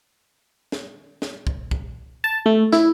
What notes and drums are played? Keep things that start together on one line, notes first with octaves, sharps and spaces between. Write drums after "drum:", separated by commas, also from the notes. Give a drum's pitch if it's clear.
drum: snare
drum: snare
drum: kick
drum: kick
A5
A3
E4, drum: snare